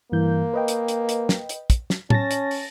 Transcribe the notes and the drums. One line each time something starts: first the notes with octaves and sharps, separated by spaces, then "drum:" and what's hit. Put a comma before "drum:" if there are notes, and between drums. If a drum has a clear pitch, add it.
G2 E3 A#3 G6
B4 D#5 G5
drum: hi-hat
drum: hi-hat
drum: hi-hat
drum: snare
drum: hi-hat
drum: kick, hi-hat
drum: snare
C#4 A5 A6 A#6, drum: tom A2
drum: hi-hat
drum: open hi-hat